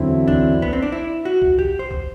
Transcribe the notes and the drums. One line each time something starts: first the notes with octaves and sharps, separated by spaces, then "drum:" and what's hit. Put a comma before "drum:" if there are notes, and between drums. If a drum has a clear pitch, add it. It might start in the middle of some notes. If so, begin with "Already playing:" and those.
Already playing: E2 D3 F#3 C4 E4
D4, drum: kick
B3, drum: kick
C4
D4
E4
F#4
drum: kick
G4, drum: kick
C5
drum: kick